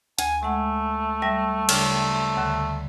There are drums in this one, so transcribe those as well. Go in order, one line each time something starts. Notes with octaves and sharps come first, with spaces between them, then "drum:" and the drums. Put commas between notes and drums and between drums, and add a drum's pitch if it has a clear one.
D2 G#5, drum: hi-hat
G#3 A3 F#5
G3 E5 A#6
C#3 G3 D4, drum: cymbal
D2 D3